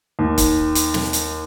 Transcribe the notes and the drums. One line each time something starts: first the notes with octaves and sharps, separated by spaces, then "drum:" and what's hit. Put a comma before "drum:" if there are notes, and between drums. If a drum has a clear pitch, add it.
D#2
drum: kick, hi-hat
drum: hi-hat
drum: snare
drum: hi-hat